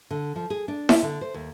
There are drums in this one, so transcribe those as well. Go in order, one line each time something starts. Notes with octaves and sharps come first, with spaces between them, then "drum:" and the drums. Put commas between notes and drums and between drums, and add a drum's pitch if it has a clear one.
D3
F3
G#4
D4
E5, drum: snare E4
D3
C5
D#2